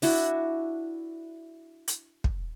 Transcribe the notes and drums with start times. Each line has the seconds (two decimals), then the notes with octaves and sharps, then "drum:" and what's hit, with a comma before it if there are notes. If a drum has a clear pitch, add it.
0.02 D4 E4 F#4, drum: open hi-hat
1.88 drum: hi-hat
2.24 drum: kick